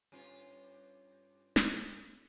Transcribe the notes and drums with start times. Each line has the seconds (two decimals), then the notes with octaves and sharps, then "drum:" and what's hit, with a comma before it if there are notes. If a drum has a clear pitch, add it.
0.12 G2 C#4 F4
1.56 drum: snare